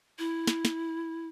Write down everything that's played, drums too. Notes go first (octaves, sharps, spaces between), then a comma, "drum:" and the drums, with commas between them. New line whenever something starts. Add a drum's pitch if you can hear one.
E4
drum: snare
drum: snare